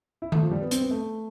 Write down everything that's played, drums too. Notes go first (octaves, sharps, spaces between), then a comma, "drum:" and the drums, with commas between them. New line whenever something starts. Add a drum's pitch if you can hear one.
E4
A3, drum: tom D#3
F3
G3
B3
C4, drum: hi-hat
B3
A3